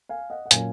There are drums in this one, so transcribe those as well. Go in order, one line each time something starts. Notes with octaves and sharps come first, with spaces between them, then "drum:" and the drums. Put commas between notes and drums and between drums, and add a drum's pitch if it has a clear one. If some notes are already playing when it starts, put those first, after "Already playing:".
F5 G#5
D#5 F#5
F#5
A#2 F#3 C#4 F5 G#5, drum: hi-hat